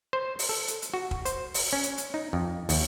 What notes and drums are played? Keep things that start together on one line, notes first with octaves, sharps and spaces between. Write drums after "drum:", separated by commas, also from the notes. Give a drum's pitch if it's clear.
C5
drum: open hi-hat
A4
drum: hi-hat
drum: hi-hat
F#4
drum: kick
C5, drum: hi-hat
drum: open hi-hat
C#4
drum: hi-hat
drum: hi-hat
D#4
F2
D#2, drum: open hi-hat